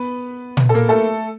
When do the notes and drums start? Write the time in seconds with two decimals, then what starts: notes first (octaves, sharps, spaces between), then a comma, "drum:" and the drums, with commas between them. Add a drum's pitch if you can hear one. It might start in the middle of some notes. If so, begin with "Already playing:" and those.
Already playing: B3 B4
0.57 drum: tom
0.69 A4
0.74 A#3 A#4
0.88 A3 A4